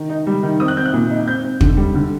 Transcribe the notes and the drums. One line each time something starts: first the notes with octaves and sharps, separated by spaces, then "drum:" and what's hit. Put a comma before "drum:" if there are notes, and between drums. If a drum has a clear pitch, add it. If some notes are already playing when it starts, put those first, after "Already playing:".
Already playing: D#3
D#4
G3
D#3
C4 D#6
F#6
C4 G6
F#6
A#2
D#4
C4 G6
C4
D3, drum: kick
G3
D3